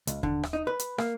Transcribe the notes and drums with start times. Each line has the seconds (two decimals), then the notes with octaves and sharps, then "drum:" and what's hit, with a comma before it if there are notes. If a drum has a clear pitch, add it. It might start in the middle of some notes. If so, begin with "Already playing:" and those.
0.07 C#2, drum: hi-hat
0.23 D3, drum: kick D#2
0.43 drum: rim click
0.53 D#4
0.67 B4
0.79 drum: hi-hat
0.98 A#3, drum: rim click